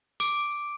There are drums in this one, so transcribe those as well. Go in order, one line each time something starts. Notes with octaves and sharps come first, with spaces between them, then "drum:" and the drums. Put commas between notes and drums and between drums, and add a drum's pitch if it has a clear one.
D6 D7, drum: tambourine